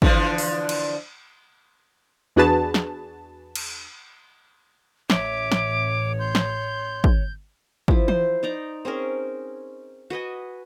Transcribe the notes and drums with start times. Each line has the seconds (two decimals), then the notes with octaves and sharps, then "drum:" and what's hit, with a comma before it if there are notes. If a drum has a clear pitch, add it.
0.02 D3 E3 F3, drum: kick
0.38 drum: open hi-hat
0.69 drum: cymbal
2.36 E2 D4 F#4 G#4 B4 A5
2.74 drum: snare
3.56 drum: cymbal
5.10 A1 C#5 E5 D6, drum: snare
5.52 drum: snare
6.19 C6 G6
6.35 drum: snare
7.04 drum: kick
7.88 F3 E4, drum: kick
8.08 C5, drum: tom E3
8.43 D#4 D5 A#5
8.85 C4 C#4 G#4 A#4
10.10 F#4 B4 D#5 G#5